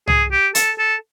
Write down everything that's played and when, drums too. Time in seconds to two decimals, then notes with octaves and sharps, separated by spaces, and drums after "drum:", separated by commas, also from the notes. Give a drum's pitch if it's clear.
0.08 G#4, drum: tom C2
0.32 G4
0.55 A4, drum: hi-hat
0.78 A4